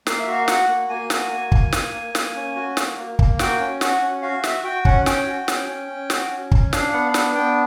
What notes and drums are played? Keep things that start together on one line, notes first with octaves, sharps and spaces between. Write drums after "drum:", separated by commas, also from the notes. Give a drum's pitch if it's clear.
A#3 F5, drum: snare
E5
F#4 F5
F#4 F#5, drum: snare
A#3
A#3 G#5
F#4, drum: snare
A#3
A#3, drum: kick
A#3, drum: snare
A#3
A#3, drum: snare
C#4
F#4
A#3, drum: snare
A#3
A#3, drum: kick
F#4 G5, drum: snare
C#4
F#4 F#5, drum: snare
C#4
F#4 F5
F#4 E5, drum: snare
F#4 G5
C#4 F#5, drum: kick
C#4 G5, drum: snare
F#4
C#4, drum: snare
C#4
C#4
F#4, drum: snare
C#4
C#4, drum: kick
D4 F5, drum: snare
B3 F#5
F5
D4 F#5, drum: snare
B3 G5